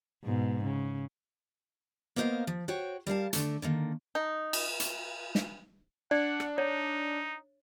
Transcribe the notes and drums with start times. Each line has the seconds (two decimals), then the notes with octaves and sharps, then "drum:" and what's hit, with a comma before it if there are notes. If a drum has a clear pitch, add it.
0.24 G#2 B2
0.64 C#3
2.16 A#3 B3 A#4 C5 D#5 F5
2.47 F3
2.68 F#4 C5 C#5 G5
3.07 G3 A#4 F5 A5
3.33 D3 A3, drum: hi-hat
3.62 D3 D#3 A#3
4.15 D#4
4.53 drum: cymbal
4.80 drum: hi-hat
5.35 drum: snare
6.11 D4 D5 F#5
6.40 drum: rim click
6.58 D#4 C#5